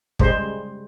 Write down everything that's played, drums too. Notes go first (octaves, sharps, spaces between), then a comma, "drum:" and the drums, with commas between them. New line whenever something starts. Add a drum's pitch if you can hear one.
C#3 G3 G#3 C5, drum: kick